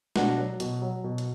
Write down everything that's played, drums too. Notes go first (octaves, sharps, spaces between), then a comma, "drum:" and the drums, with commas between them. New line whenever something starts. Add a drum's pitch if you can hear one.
B2 D4 F#4, drum: snare
F#3
B2, drum: hi-hat
F#3
B2
drum: hi-hat